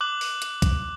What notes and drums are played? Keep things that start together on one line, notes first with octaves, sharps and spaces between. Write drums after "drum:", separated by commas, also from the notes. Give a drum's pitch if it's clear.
D6 F#6 F#7
drum: open hi-hat
drum: hi-hat
drum: kick, hi-hat